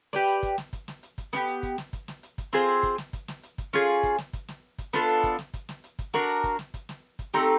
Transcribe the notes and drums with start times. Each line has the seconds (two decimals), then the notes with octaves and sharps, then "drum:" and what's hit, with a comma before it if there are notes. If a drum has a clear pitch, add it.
0.13 G4 B4 D5, drum: snare
0.28 drum: hi-hat
0.43 drum: kick, hi-hat
0.58 drum: snare
0.73 drum: kick, hi-hat
0.88 drum: snare
1.03 drum: hi-hat
1.18 drum: kick, hi-hat
1.33 B3 D4 G4, drum: snare
1.48 drum: hi-hat
1.63 drum: kick, hi-hat
1.78 drum: snare
1.93 drum: kick, hi-hat
2.08 drum: snare
2.23 drum: hi-hat
2.38 drum: kick, hi-hat
2.53 C4 F4 G#4 C5, drum: snare
2.68 drum: hi-hat
2.83 drum: kick, hi-hat
2.98 drum: snare
3.13 drum: kick, hi-hat
3.28 drum: snare
3.43 drum: hi-hat
3.58 drum: kick, hi-hat
3.73 C#4 F4 G#4, drum: snare
4.03 drum: kick, hi-hat
4.18 drum: snare
4.33 drum: kick, hi-hat
4.48 drum: snare
4.78 drum: kick, hi-hat
4.93 B3 D4 F4 A4, drum: snare
5.09 drum: hi-hat
5.24 drum: kick, hi-hat
5.39 drum: snare
5.54 drum: kick, hi-hat
5.69 drum: snare
5.84 drum: hi-hat
5.99 drum: kick, hi-hat
6.14 D4 F#4 A#4, drum: snare
6.29 drum: hi-hat
6.44 drum: kick, hi-hat
6.59 drum: snare
6.74 drum: kick, hi-hat
6.89 drum: snare
7.19 drum: kick, hi-hat
7.34 A3 C4 D#4 G4, drum: snare